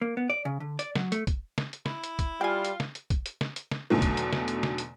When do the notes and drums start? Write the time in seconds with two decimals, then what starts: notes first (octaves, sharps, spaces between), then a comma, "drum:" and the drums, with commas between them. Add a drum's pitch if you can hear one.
0.02 A#3
0.17 B3
0.30 D5
0.45 C#3
0.60 D3
0.79 D5, drum: hi-hat
0.95 F#3, drum: snare
1.12 A3, drum: hi-hat
1.27 drum: kick, hi-hat
1.58 drum: snare
1.73 drum: hi-hat
1.86 E4, drum: snare
2.04 drum: hi-hat
2.19 drum: kick, hi-hat
2.41 G3 F4 G5 G#5
2.65 drum: hi-hat
2.80 drum: snare
2.95 drum: hi-hat
3.10 drum: kick, hi-hat
3.26 drum: hi-hat
3.41 drum: snare
3.56 drum: hi-hat
3.71 drum: snare
3.90 E2 B2 D3 D#3 F#3 A3
4.02 drum: kick, hi-hat
4.17 drum: hi-hat
4.33 drum: snare
4.48 drum: hi-hat
4.63 drum: snare
4.78 drum: hi-hat